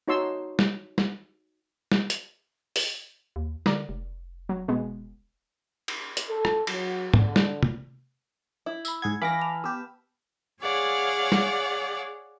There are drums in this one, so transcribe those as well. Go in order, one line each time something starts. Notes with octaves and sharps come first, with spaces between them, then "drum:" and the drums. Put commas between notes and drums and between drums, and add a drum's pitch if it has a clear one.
D#4 F#4 C#5 A5 C6 E6
drum: snare
drum: snare
drum: snare
drum: hi-hat
drum: open hi-hat
D#2
D3 A#4 D5, drum: snare
F1
F#3
B2 G#3 B3
drum: cymbal
drum: hi-hat
A4
drum: rim click
F#3, drum: cymbal
D3, drum: tom
drum: snare
drum: tom
E4
B5 E6, drum: tambourine
G#2 G#4 F#5 G#6
E3 B4 F5 B5 D6 A#6
A5 F7
B3 G4 E6
G#4 C#5 D5 F5 F#5
drum: snare